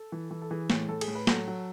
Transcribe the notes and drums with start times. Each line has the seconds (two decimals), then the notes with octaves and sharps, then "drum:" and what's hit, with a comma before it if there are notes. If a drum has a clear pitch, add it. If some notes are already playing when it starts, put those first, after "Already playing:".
Already playing: A4
0.12 E3
0.31 E3
0.42 A4
0.50 E3 G#4
0.70 A2, drum: snare
0.89 A2 A4
1.01 G#4, drum: cymbal
1.08 A2
1.15 B4
1.27 F#3 A4, drum: snare
1.47 F#3